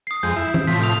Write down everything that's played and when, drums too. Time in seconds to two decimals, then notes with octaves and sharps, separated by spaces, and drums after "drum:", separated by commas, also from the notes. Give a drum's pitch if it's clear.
0.07 D#6 C7
0.23 F2 G#3 G6
0.36 E4
0.54 drum: tom
0.67 A2 C3 F3 B6
0.83 D#6 F7